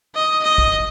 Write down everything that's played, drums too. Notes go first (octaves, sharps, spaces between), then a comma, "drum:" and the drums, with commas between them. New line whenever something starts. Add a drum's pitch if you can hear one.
D#5
D#5
drum: kick